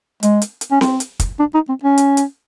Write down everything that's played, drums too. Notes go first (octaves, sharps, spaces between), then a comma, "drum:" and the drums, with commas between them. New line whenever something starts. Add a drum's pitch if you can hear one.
G#3, drum: hi-hat
drum: hi-hat
drum: hi-hat
C#4
C4, drum: snare C4
drum: hi-hat
drum: kick, hi-hat
D4
D#4
C4
C#4
drum: hi-hat
drum: hi-hat